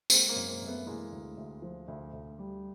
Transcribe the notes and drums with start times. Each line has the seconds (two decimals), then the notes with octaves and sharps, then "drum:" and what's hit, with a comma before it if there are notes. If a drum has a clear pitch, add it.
0.10 G#3 A#3 C4, drum: tambourine
0.29 A#3 C4
0.36 F#2
0.48 A#3 C4
0.62 F#2
0.67 A3 B3
0.86 E3 G#3 A#3
1.12 D2
1.38 D2
1.62 F3
1.88 D2
2.13 D2
2.39 G3